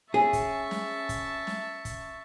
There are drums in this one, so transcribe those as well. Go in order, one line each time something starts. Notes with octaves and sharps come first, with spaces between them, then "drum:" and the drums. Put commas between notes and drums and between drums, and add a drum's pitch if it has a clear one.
C#4 G#4 E5 A5 C#6
drum: kick, hi-hat
drum: snare
drum: kick, hi-hat
drum: snare
drum: kick, hi-hat